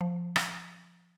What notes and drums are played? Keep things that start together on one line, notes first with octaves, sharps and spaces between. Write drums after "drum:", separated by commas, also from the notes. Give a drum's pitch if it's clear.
F3
drum: rim click